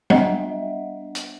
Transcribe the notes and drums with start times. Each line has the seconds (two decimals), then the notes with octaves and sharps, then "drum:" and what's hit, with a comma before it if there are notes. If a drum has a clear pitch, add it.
0.10 G3 B3 D4 D#5 E5 F#5, drum: tom
1.15 drum: hi-hat